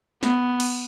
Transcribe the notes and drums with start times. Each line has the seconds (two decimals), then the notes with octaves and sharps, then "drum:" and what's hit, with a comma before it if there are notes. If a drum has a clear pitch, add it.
0.23 B3, drum: snare
0.60 drum: cymbal